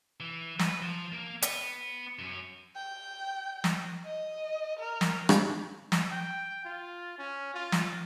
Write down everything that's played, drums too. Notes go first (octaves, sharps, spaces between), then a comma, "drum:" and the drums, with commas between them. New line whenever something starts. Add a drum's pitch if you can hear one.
E3
B4, drum: snare
F3
A#3 A#4
B3, drum: hi-hat
F#2 C#4
G5
drum: snare
D#5
A#4
drum: snare
drum: rim click
drum: snare
G5
F4
C#4
F4
drum: snare